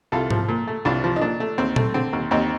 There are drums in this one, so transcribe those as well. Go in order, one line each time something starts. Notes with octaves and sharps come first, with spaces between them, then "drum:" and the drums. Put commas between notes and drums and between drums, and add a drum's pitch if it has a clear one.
C2 F4 A4
F3, drum: tom G#2
A#2
A3
C2 D4 F4
F3
D#4
A#2 D4
A3
D#2 C4
A3, drum: tom A#2
D3 C4
D#2
D#2 C4 D#4